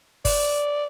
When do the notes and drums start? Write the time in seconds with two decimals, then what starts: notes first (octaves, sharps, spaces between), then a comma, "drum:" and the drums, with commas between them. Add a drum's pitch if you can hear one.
0.25 D5, drum: kick G1, open hi-hat